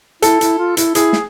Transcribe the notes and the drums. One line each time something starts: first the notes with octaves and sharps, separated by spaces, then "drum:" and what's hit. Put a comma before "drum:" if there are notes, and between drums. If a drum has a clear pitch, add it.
E4 A4, drum: hi-hat
E4, drum: hi-hat
F4
E4, drum: hi-hat
E4 G#4, drum: hi-hat
drum: snare